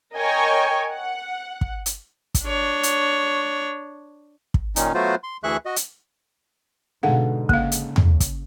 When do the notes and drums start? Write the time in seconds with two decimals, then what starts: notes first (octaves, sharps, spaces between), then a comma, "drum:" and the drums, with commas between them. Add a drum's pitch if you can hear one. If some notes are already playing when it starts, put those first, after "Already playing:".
0.15 A#4 C#5 D#5 G5 G#5 C#6
0.90 F#5
1.61 drum: kick
1.86 drum: hi-hat
2.35 drum: kick, hi-hat
2.45 D4 C#5
2.83 drum: hi-hat
4.54 drum: kick
4.76 A#2 D#3 C#4 D#4, drum: hi-hat
4.94 F#3 A3 B3 F4 F#4 C5
5.24 C6
5.44 D2 E3 G#4 E5 C#6 F#6
5.66 F#4 D#5
5.76 drum: hi-hat
7.03 G#2 B2 D3 A4 F5 F#5
7.49 C#3 A#3 F5, drum: kick
7.72 drum: hi-hat
7.96 drum: tom
8.20 drum: kick, hi-hat